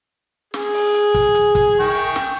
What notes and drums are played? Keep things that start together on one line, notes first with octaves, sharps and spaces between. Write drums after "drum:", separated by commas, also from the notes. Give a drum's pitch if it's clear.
G#4, drum: snare
drum: open hi-hat
drum: hi-hat
drum: kick, hi-hat
drum: hi-hat
drum: kick, hi-hat
G5 C#6
drum: hi-hat
drum: snare